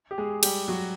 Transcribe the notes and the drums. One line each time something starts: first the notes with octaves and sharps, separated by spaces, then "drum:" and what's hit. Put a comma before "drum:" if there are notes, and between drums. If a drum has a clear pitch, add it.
G4
G#3 G#4
G3 G4, drum: cymbal
F#3 F#4